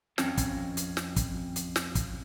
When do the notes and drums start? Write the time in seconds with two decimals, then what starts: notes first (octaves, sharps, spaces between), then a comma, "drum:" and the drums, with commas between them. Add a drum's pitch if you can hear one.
0.18 F2 C4 C#4 C#5 A5, drum: snare
0.38 drum: kick, hi-hat
0.77 drum: hi-hat
0.97 drum: snare
1.16 drum: kick, hi-hat
1.56 drum: hi-hat
1.76 drum: snare
1.95 drum: kick, hi-hat